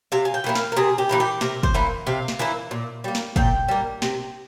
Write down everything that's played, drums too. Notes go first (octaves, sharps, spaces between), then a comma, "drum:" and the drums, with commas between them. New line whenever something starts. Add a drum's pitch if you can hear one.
C3 F5
G#5
G5
E3 A#3 E4
F5, drum: snare
A#4
C3 G#4
G4
E3 A#3 E4
G4
C3 A#4, drum: snare
C5, drum: kick
E3 A#3 E4
C3 F5
drum: snare
E3 A#3 E4
A#2
G3 A#3
drum: snare
A#2 G5, drum: kick
G3 A#3
C3, drum: snare